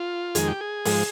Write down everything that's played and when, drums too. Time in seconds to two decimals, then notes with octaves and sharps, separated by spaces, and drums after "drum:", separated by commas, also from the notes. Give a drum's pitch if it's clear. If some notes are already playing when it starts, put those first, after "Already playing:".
Already playing: F4
0.35 F2 D#3 G#3 G#4, drum: hi-hat
0.48 G4
0.61 G#4
0.85 G#2 F3 G#3, drum: open hi-hat